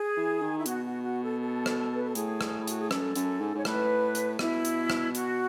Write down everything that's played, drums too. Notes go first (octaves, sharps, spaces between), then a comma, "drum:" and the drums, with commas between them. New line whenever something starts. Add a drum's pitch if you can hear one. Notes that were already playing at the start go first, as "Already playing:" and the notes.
Already playing: G#4
E3
D#3
E4
B2 F#4, drum: hi-hat
F#4
F#4
A4
A4
drum: rim click
B4
A4
A2 G#4, drum: hi-hat
drum: rim click
E4
F#4, drum: hi-hat
G#4
F#2 A4, drum: rim click
F#2, drum: hi-hat
G#2
G#2 C#5
A2 B4, drum: rim click
drum: hi-hat
B2 E4, drum: rim click
drum: hi-hat
drum: rim click
F#4, drum: hi-hat